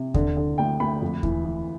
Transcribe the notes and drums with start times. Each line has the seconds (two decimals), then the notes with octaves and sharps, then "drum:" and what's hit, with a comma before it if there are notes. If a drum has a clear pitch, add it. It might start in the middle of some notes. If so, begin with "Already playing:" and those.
Already playing: C3
0.14 D3, drum: kick D#2
0.37 D3
0.58 D2 G5
0.80 D2 B5
1.02 F2
1.23 E3, drum: kick D#2
1.45 E3